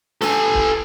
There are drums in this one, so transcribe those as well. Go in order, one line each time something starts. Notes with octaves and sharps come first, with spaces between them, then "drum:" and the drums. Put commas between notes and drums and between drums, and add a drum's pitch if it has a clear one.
A4 G#5, drum: snare
drum: kick C#1